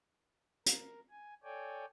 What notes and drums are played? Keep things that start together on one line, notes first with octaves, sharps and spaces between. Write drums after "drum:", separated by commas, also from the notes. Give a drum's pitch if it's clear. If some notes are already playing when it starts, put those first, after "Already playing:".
A#4, drum: hi-hat
G#5
A4 C#5 D5 G5 G#5